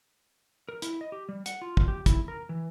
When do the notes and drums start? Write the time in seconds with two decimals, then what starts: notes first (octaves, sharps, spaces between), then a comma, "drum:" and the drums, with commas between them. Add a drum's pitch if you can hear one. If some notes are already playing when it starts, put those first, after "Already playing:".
0.69 A#4
0.82 E4, drum: hi-hat
1.01 D#5
1.12 G4
1.29 G3
1.46 F#5, drum: hi-hat
1.62 F4
1.77 drum: kick
1.88 G4
2.06 E4, drum: kick, hi-hat
2.28 A#4
2.49 E3